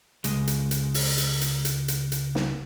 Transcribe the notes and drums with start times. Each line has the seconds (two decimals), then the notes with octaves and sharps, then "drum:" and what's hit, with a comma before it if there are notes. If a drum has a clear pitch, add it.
0.24 C#2 G#3, drum: hi-hat
0.47 drum: hi-hat
0.71 drum: hi-hat
0.94 drum: open hi-hat
1.18 drum: hi-hat
1.41 drum: hi-hat
1.65 drum: hi-hat
1.88 drum: hi-hat
2.12 drum: hi-hat
2.35 drum: snare